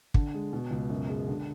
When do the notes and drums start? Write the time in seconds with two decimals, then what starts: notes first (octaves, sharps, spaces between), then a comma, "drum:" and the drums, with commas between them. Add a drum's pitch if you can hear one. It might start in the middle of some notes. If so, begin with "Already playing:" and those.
0.14 D3, drum: kick
0.34 G#3
0.53 B2
0.71 C#2
0.90 F#2
1.09 G#3
1.28 D3